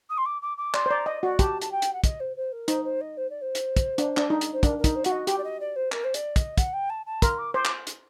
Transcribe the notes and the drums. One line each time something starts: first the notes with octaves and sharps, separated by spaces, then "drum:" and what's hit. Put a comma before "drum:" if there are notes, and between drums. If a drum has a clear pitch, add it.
D#6
C6
D6
D6
D6
D5 C6, drum: clap
C5
D5 A#5
D5 D#5
F#4 D5
G4 A5, drum: kick, hi-hat
A5, drum: hi-hat
G5
drum: hi-hat
F#5
D#5, drum: kick, hi-hat
C5
C5
A#4
D#4 C5, drum: hi-hat
C5
D#5
C5
D5
C5
drum: hi-hat
drum: kick, hi-hat
D4, drum: hi-hat
D4, drum: clap
D#4
drum: hi-hat
C5
D4 A#4, drum: kick, hi-hat
A#4
D#4, drum: kick, hi-hat
C5
F#4 F#5, drum: hi-hat
D#5
G4 G5, drum: hi-hat
D5
D#5
D5
C5
A#4, drum: clap
C5
D5, drum: hi-hat
D#5, drum: kick, hi-hat
F#5, drum: kick, hi-hat
G5
A5
A5
A#4 C6, drum: kick, hi-hat
D6
C5 D6
drum: clap
drum: hi-hat